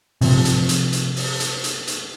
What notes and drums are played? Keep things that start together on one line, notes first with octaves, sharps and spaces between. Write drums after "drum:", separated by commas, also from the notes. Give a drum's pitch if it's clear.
C3 F3, drum: open hi-hat
drum: hi-hat
drum: hi-hat
drum: hi-hat
drum: open hi-hat
drum: hi-hat
drum: hi-hat
drum: hi-hat